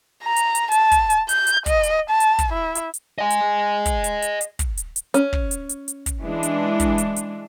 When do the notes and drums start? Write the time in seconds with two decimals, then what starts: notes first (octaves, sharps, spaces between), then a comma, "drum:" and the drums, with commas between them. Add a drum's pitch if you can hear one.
0.24 A#5
0.36 drum: hi-hat
0.55 drum: hi-hat
0.72 A5, drum: hi-hat
0.92 drum: kick, hi-hat
1.10 drum: hi-hat
1.29 G6, drum: hi-hat
1.47 drum: hi-hat
1.66 D#5, drum: kick, hi-hat
1.83 drum: hi-hat
2.10 A5
2.20 drum: hi-hat
2.39 drum: kick, hi-hat
2.53 E4
2.75 drum: hi-hat
2.94 drum: hi-hat
3.19 D#5 G#5
3.30 drum: hi-hat
3.86 drum: kick, hi-hat
4.04 drum: hi-hat
4.22 drum: hi-hat
4.41 drum: hi-hat
4.59 drum: kick, hi-hat
4.77 drum: hi-hat
4.96 drum: hi-hat
5.14 C#4, drum: hi-hat
5.33 drum: kick
5.51 drum: hi-hat
5.69 drum: hi-hat
5.88 drum: hi-hat
6.06 drum: kick, hi-hat
6.21 E3 G#3 D4
6.43 drum: hi-hat
6.80 drum: kick, hi-hat
6.98 drum: hi-hat
7.16 drum: hi-hat